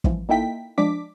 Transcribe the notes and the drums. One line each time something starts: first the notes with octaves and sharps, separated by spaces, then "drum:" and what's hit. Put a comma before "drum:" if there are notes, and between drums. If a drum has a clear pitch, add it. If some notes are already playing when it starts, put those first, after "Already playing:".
C2 G#2 E3 F3, drum: kick
A#3 D#4 E4 A4 G5 B6
F3 G#3 D4 D6 B6